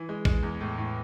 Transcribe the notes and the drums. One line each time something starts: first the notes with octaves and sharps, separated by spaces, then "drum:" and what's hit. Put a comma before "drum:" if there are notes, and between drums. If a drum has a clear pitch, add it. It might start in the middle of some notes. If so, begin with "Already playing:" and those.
Already playing: E3
G#3
G#3, drum: kick
E2
A2
A2